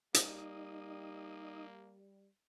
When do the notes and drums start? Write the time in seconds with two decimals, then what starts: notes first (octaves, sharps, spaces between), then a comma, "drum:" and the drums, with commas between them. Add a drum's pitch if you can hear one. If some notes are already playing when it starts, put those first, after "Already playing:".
0.14 G3 A#3 D#4 D#6, drum: hi-hat